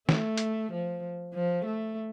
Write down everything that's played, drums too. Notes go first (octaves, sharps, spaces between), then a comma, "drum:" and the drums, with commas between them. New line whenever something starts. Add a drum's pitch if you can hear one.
A3, drum: snare
drum: hi-hat
F3
F3
A3